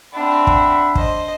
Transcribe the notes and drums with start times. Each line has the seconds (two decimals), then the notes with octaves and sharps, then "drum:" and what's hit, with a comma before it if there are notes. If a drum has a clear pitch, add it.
0.14 C4 D4 E5 F#5 B5
0.47 drum: kick
0.95 C5 D#5, drum: kick